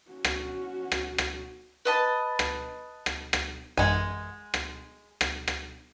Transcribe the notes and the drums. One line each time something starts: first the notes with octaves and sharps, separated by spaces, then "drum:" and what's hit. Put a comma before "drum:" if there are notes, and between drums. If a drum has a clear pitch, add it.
C#4 F#4
drum: rim click
drum: rim click
drum: rim click
B4 D#5 A5
drum: rim click
drum: rim click
drum: rim click
A1 F#2 G#3 F#5 G#5
drum: rim click
drum: rim click
drum: rim click